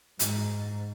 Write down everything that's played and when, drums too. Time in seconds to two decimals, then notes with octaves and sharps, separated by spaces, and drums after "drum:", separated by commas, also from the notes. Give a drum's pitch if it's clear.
0.19 G#2, drum: hi-hat